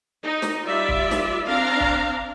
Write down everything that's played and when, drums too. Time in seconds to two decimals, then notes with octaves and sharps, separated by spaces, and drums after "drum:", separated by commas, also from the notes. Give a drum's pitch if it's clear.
0.22 D#4
0.42 drum: snare
0.65 G3 F4 D5 E5
0.88 drum: kick
1.11 drum: snare
1.45 C4 D4 F5 A#5
1.80 drum: kick